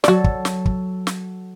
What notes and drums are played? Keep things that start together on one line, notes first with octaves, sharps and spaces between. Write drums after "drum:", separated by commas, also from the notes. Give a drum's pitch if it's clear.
F#3 F#4 A4 D5, drum: snare
drum: kick
drum: snare
drum: kick
drum: snare